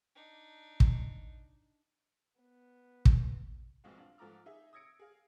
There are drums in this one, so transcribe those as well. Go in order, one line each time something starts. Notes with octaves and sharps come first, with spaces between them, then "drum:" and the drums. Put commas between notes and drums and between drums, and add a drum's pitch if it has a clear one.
D4 D#4
drum: kick
B3
drum: kick
F1 B1 G#2 G#3 C4 F4
D4 F4
G#2 F3 A3 A#5 D6 F6
D#4 G#4 E5
D#6 E6 G#6 A#6 C#7 D7
G#4 F5